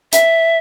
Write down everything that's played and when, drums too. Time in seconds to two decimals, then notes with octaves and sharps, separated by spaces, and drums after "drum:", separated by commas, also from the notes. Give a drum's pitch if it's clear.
0.12 E5, drum: hi-hat